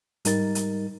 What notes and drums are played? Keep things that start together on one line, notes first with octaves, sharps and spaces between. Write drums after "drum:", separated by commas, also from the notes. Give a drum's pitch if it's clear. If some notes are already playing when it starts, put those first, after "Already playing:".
G#2 G3 D#4 A#4 A6, drum: hi-hat
drum: hi-hat